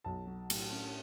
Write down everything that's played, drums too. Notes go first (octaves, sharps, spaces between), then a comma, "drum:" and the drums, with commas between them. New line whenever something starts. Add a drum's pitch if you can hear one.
B1 A5
F#3
A2, drum: cymbal
C#4